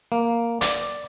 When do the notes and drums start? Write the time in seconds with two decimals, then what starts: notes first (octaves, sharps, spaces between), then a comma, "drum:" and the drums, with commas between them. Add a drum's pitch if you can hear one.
0.12 A#3
0.61 D5, drum: hi-hat